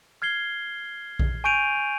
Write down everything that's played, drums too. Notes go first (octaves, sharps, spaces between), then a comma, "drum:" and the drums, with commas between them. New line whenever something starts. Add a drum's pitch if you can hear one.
F6 G#6 C7 G7
drum: kick A#1
G#5 C#6 G6 D7 D#7 F7